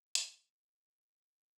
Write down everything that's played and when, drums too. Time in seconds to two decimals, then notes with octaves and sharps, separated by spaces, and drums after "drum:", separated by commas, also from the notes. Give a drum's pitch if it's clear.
0.15 D#3 G#3 B3 D4, drum: hi-hat